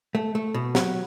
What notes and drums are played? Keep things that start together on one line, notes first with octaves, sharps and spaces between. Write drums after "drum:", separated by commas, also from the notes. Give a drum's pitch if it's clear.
A3
A3
B2
F#3, drum: snare